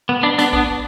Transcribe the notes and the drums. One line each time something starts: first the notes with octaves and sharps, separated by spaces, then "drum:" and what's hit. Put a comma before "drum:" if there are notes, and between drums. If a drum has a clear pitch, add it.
B3
B3 D4
B3 D4, drum: hi-hat
B3 D4, drum: kick A#1